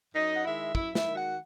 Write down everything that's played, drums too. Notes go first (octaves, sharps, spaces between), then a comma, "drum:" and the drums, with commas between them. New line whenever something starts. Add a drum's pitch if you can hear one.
F#2 D#4 D#5
F#5
D#3 G#3 E4 E5
F#2 E4 E5, drum: kick
E4 E5, drum: snare
D#3 G#3
F#4 F#5